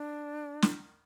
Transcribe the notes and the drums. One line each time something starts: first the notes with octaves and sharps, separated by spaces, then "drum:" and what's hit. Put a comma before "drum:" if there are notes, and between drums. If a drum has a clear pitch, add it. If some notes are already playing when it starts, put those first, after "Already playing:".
Already playing: D4
drum: snare